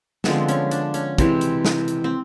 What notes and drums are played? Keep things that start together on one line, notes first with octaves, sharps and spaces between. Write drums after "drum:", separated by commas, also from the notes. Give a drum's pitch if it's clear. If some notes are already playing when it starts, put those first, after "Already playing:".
D3 F3 G#3 B3 C4, drum: snare
C#4, drum: hi-hat
D4, drum: hi-hat
C#4, drum: hi-hat
C3 E3 G#3 C4, drum: kick, hi-hat
drum: hi-hat
drum: snare
drum: hi-hat
C4